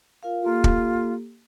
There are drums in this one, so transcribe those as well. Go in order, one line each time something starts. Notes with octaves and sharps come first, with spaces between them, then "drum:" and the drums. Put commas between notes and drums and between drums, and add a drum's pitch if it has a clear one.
F4 A#4 F5
A#3 F4 G4 A4
drum: kick